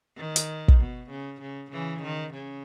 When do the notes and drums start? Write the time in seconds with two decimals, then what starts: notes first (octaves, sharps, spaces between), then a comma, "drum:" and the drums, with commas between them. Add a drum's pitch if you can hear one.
0.17 D#3
0.36 drum: hi-hat
0.68 drum: kick
0.80 B2
1.10 C#3
1.42 C#3
1.72 C#3 E3
2.03 D#3
2.34 C#3